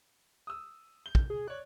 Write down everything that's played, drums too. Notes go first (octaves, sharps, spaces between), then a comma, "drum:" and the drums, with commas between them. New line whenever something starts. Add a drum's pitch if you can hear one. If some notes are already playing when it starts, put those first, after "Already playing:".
D#6 E6
G6 G7
drum: kick
G#4
C#5 D5 F#6